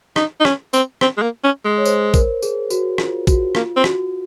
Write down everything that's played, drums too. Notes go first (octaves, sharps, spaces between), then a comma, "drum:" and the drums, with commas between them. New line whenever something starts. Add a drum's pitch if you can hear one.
D#4, drum: rim click
D#4
C#4, drum: rim click
C4, drum: tambourine
C4, drum: rim click
G#3
A#3
C#4
G#3
C#5
C5, drum: tambourine
A#4, drum: kick, tambourine
G#4, drum: tambourine
F#4, drum: tambourine
F4, drum: rim click
F#4, drum: kick, tambourine
A#3 F4, drum: rim click
C4
F#4, drum: rim click